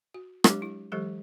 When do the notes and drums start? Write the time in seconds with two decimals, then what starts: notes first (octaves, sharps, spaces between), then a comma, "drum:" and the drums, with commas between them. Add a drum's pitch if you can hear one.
0.14 F#4
0.44 F#3 G#3 D4 G4 C#5 D6, drum: rim click
0.62 E4
0.92 E3 F#3 G#3 G4 A4